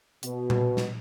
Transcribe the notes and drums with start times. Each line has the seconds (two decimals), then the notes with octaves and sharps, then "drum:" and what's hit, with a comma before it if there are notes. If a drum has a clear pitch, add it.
0.23 B2, drum: hi-hat
0.50 drum: tom A#2
0.77 drum: snare